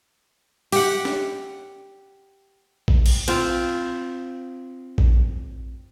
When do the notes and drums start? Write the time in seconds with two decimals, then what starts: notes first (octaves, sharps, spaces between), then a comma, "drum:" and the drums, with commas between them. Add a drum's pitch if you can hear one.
0.72 G4 F#5, drum: open hi-hat
1.05 drum: snare
2.88 drum: kick A#1
3.06 drum: cymbal
3.28 C4 F4, drum: cymbal
4.98 drum: kick A#1